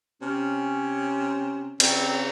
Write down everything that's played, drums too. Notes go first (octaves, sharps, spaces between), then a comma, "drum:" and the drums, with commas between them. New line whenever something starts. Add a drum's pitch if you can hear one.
C3 C#4
C#3 C4, drum: cymbal